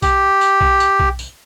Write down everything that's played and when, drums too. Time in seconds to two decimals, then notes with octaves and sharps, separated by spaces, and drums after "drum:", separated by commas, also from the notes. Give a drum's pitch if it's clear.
0.02 G4, drum: kick B1, tambourine
0.41 drum: tambourine
0.61 drum: kick B1
0.80 drum: tambourine
1.00 drum: kick B1
1.19 drum: tambourine